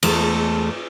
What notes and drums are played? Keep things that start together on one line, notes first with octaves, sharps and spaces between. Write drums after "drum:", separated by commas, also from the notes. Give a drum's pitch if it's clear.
E2 G#3 A3 A4, drum: cymbal